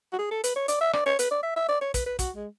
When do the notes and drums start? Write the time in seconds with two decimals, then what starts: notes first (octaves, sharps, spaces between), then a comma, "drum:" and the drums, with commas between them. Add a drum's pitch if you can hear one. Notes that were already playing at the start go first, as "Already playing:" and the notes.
0.12 F#4
0.18 G#4
0.31 A4
0.44 B4, drum: hi-hat
0.56 C#5
0.68 D5, drum: hi-hat
0.81 E5
0.93 D5, drum: rim click
1.06 C#5
1.19 B4, drum: hi-hat
1.31 D5
1.43 E5
1.56 E5
1.68 D5
1.81 C#5
1.94 B4, drum: kick, hi-hat
2.06 B4
2.19 F#4, drum: kick, hi-hat
2.36 G#3